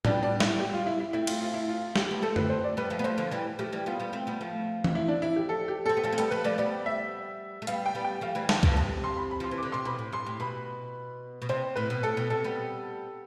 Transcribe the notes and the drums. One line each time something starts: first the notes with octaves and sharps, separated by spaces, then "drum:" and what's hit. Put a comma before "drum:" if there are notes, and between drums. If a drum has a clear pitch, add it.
G3 B3 D4, drum: tom A2
D4
E4, drum: snare
G4
F4
E4
E4
A3 C4 E4
F4, drum: cymbal
F4
E4
F4
A3 G4, drum: snare
B3
A3 C4 A4
B4, drum: tom
C5
D5
G3 B3 B4
F3 A3
B3
F3 A3 C5
D3 F3
E3 G3
F3 A3 G4
E3 G3
G3 B3 F4
G3 B3
A3 C4
G3 B3
F3 A3
drum: tom
E4
D4
E4
G4
A4
G4
C4 A4
B3
F3 A3 A4
C4
G3 B3 A4, drum: hi-hat
F3 A3 B4
F3 A3 D5
G3 B3 D5
E5
A3
G3 B3 F5, drum: hi-hat
G5
G3 B3
G5
F3 A3 F5
E3 G3
D3 F3 A5, drum: snare
B2 D3, drum: kick C2
C3 A5
C6
B5
B5
F3 C6
E3
D3 D6
C3 C6
B2 B5
A2
G2 C6
A2
B2 B5
B2
C3 C5
A2 B4
B2
A2 A4
B2
C3 A4
G3 B3